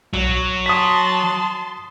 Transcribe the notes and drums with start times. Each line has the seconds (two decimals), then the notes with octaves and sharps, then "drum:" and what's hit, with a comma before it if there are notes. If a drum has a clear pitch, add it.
0.13 F#3, drum: tom B1
0.66 A5 C6 D#6 B6